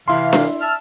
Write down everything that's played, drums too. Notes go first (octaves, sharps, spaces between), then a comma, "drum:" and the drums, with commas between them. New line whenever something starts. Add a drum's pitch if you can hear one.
C3 E3 E4 F5 C6
drum: snare D4
E5 A5 F6